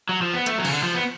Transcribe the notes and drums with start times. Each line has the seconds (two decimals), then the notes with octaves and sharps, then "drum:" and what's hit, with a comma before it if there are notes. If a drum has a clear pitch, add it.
0.09 F#3
0.22 F3
0.34 B3
0.46 A3, drum: hi-hat
0.58 F#3
0.65 C#3, drum: cymbal
0.70 D3
0.83 F3
0.95 B3